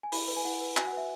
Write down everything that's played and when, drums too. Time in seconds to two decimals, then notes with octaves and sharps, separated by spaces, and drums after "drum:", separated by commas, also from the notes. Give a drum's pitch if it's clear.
0.03 G#5
0.12 E4 B5, drum: open hi-hat
0.28 B4
0.36 G#5
0.45 E4 F#5
0.61 B4
0.77 F#4 G#5, drum: clap
0.87 F#5
0.93 B4 E5